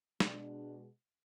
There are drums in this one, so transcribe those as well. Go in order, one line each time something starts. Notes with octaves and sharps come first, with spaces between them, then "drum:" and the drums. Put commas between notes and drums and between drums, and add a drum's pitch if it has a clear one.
B2 G#3 D4, drum: snare